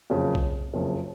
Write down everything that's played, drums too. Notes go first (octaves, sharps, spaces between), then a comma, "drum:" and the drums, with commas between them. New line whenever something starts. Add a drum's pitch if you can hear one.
F#1 F2 C#3
drum: kick B1
F#1 F2 C#3